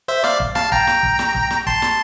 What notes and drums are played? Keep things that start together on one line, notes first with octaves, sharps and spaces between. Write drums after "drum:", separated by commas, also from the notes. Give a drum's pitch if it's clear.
C5 E5
D5 F5, drum: snare
drum: kick
F5 A5, drum: snare
G5 A#5, drum: kick
drum: snare
drum: kick
drum: snare
drum: kick
drum: snare
A5 C6, drum: kick
drum: snare